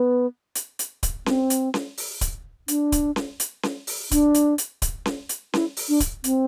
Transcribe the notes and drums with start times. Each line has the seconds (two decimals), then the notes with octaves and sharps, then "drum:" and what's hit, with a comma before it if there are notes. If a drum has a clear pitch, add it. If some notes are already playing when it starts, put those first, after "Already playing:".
Already playing: B3
0.55 drum: hi-hat
0.79 drum: hi-hat
1.03 drum: kick D1, hi-hat
1.26 C4, drum: snare C#4
1.50 drum: hi-hat
1.74 drum: snare C#4
1.97 drum: open hi-hat
2.21 drum: kick D1, hi-hat
2.68 D4, drum: hi-hat
2.92 drum: kick D1, hi-hat
3.16 drum: snare C#4
3.40 drum: hi-hat
3.63 drum: snare C#4
3.87 drum: open hi-hat
4.11 D4, drum: kick D1, hi-hat
4.34 drum: hi-hat
4.58 drum: hi-hat
4.82 drum: kick D1, hi-hat
5.06 drum: snare C#4
5.29 drum: hi-hat
5.54 E4, drum: snare C#4
5.77 drum: open hi-hat
5.89 D4
6.00 drum: kick D1, hi-hat
6.24 C4, drum: hi-hat